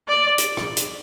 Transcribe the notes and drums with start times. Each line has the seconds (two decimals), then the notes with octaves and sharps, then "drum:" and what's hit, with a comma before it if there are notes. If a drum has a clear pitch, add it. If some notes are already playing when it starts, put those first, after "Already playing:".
0.09 D5
0.38 drum: hi-hat
0.57 drum: rim click
0.77 drum: hi-hat